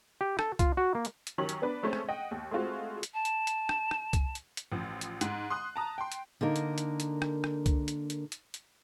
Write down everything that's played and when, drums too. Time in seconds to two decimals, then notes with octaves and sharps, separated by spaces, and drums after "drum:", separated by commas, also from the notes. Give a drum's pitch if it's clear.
0.21 G4
0.39 A4, drum: rim click
0.59 F4, drum: kick, hi-hat
0.77 F#4
0.95 A#3
1.05 drum: hi-hat
1.27 drum: hi-hat
1.38 D#3 F#3 C#4 G4 F#7
1.49 drum: hi-hat
1.62 B3 D4 B4
1.83 G#3 A3 C4 C#4
1.93 drum: rim click
2.09 D#5 F#5 G5
2.31 D#2
2.51 G#3 A3 C4 F4 F#4
3.03 drum: hi-hat
3.13 A5
3.25 drum: hi-hat
3.47 drum: hi-hat
3.69 drum: rim click
3.91 drum: rim click
4.13 drum: kick, hi-hat
4.35 drum: hi-hat
4.57 drum: hi-hat
4.72 A1 F3
5.01 drum: hi-hat
5.21 G#2, drum: hi-hat
5.50 C6 D#6 F#6
5.76 A5 A#5 D#6
5.98 G5 C6
6.12 drum: hi-hat
6.41 D3 A#3 D#4 A#4
6.56 drum: hi-hat
6.78 drum: hi-hat
7.00 drum: hi-hat
7.22 drum: rim click
7.44 drum: rim click
7.66 drum: kick, hi-hat
7.88 drum: hi-hat
8.10 drum: hi-hat
8.32 drum: hi-hat
8.54 drum: hi-hat